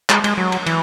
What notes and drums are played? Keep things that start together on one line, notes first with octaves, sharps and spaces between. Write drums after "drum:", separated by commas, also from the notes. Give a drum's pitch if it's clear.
G#3, drum: clap
G#3, drum: cymbal
F#3
drum: cymbal
E3, drum: cymbal